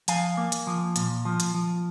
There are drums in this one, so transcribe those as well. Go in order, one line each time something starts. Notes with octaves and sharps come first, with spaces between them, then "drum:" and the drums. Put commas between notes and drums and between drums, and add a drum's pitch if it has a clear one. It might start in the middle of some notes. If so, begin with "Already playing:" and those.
F3 F5 G#5, drum: hi-hat
A#3
drum: hi-hat
F3
A#2, drum: hi-hat
F3
drum: hi-hat
F3